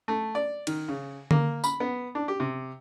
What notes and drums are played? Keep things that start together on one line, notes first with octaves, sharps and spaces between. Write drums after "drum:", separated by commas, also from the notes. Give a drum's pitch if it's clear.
A3
D5
D#3, drum: cymbal
C#3
A#3, drum: tom D3
B5, drum: tambourine
B3
D4
G4
C3